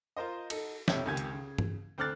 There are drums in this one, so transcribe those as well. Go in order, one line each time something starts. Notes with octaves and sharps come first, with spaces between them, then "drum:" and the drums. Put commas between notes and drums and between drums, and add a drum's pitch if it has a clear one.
F4 A#4 C5 D#5
D#4 A4, drum: cymbal
B1 F2 C3 G4 C#5 E5, drum: snare
C#2 C3 D#3 G4 G#5 G#6
drum: hi-hat
C#3
drum: tom G2
D2 C4 D6 F6 F#6 A6